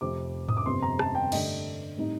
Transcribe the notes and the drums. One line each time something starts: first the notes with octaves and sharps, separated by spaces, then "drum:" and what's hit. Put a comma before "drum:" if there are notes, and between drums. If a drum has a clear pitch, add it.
F1 F2 C3 D6
D#6, drum: tom G#2
D6
G1 F2 C3 C6
A#5
A5, drum: rim click
G5
G2 D3 A3 D4 D#5, drum: cymbal
A2 G3 C4 D#4